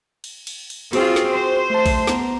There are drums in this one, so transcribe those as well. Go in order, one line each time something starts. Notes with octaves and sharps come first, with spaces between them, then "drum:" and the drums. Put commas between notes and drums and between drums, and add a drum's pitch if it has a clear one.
drum: cymbal
drum: cymbal
drum: cymbal
C4 F4 F#4 G#4 G5, drum: cymbal
drum: snare
C5
A3 A5
drum: kick A#1, cymbal
B3 A#5, drum: snare